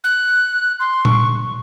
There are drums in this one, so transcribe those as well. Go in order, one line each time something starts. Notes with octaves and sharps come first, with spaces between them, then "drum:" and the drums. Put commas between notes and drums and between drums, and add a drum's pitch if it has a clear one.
F#6
C6
C#6, drum: tom A#2